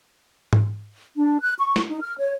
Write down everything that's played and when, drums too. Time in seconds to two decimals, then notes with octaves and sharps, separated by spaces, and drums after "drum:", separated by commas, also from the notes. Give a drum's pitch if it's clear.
0.53 drum: tom G#2
1.16 D4
1.41 F#6
1.58 C#6
1.76 drum: snare
1.89 D#4
2.02 F6
2.17 C#5